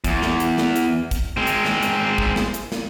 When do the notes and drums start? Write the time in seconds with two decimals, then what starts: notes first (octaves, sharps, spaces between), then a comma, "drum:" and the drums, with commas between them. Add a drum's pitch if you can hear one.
0.04 E2, drum: kick, hi-hat
0.22 drum: snare
0.40 drum: hi-hat
0.58 drum: snare
0.76 drum: hi-hat
1.11 drum: kick, hi-hat
1.37 G#3 C4
1.47 drum: hi-hat
1.65 drum: snare
1.83 drum: hi-hat
2.18 drum: kick
2.36 drum: snare
2.54 drum: hi-hat
2.72 drum: snare